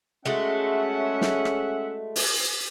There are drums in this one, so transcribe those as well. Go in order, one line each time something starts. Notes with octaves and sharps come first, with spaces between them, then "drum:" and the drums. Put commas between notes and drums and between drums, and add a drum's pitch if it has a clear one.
G#3 A3 C#4 F#4 E5 F#5
drum: snare
drum: rim click
drum: open hi-hat